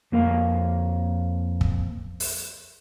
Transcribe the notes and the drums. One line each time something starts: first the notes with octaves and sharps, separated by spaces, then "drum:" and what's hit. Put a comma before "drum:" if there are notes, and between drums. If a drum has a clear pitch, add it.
F2 A#3 A#4 F5
drum: kick
drum: open hi-hat